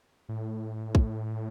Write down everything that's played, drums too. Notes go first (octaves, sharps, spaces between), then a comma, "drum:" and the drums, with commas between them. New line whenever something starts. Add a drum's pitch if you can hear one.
A2
drum: kick